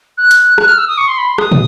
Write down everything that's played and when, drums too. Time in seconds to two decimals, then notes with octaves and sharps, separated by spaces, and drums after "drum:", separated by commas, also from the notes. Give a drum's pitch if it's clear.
0.18 F#6
0.31 drum: hi-hat
0.58 F#6, drum: rim click
0.68 F6
0.78 E6
0.88 D#6
0.98 C#6
1.08 C6
1.18 B5
1.28 C6
1.38 D#6, drum: rim click
1.52 drum: tom